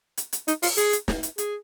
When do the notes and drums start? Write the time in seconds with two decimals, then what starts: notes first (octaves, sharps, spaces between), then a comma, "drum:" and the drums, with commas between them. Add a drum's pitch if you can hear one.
0.17 drum: hi-hat
0.33 drum: hi-hat
0.48 D#4, drum: hi-hat
0.62 F4, drum: open hi-hat
0.77 G#4, drum: hi-hat
0.93 drum: hi-hat
1.08 drum: snare
1.23 drum: hi-hat
1.38 G#4, drum: hi-hat